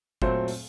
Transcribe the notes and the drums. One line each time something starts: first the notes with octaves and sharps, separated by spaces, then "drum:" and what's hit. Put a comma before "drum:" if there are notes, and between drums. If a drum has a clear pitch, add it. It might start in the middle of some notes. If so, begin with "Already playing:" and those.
A#2 F#3 A3 C4 C5, drum: kick G1
drum: open hi-hat